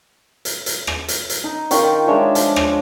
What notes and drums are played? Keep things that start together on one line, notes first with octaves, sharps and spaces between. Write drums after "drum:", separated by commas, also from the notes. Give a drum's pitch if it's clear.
drum: hi-hat
drum: hi-hat
drum: rim click
drum: hi-hat
drum: hi-hat
D#4
D#3 F4 G5 C#6, drum: hi-hat
G#3 D4 C#5 E5
F3, drum: hi-hat
drum: rim click